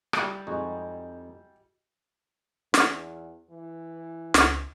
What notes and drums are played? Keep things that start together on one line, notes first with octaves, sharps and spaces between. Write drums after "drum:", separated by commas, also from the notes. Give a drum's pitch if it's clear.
G3 E4, drum: rim click
F2 G#3 D#4 F#4 G#4
E2, drum: snare
E3
C#2, drum: snare